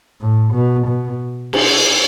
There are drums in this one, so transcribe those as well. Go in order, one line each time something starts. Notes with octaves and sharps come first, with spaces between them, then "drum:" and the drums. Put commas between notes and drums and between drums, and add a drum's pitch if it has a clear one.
A2
B2
B2
drum: cymbal